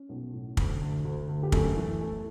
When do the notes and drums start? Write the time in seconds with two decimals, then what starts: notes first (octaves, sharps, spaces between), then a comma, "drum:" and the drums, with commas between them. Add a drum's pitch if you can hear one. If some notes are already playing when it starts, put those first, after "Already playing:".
Already playing: C#4
0.09 B1
0.33 A2
0.57 D2, drum: kick
0.81 D2
1.05 D2
1.29 D2
1.43 G4
1.52 F#2 A3 A4, drum: kick
1.76 E3
2.01 A3